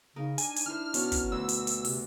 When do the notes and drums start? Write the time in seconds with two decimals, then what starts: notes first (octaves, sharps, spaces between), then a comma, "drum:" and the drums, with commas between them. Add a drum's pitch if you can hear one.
0.16 C#3 D#4 A#4
0.38 D4 G#5, drum: hi-hat
0.56 drum: hi-hat
0.66 E4 C5 F6
0.94 B2 C#4 A#5, drum: hi-hat
1.12 drum: kick, hi-hat
1.32 D2 E6
1.49 drum: hi-hat
1.67 drum: hi-hat
1.85 C3, drum: open hi-hat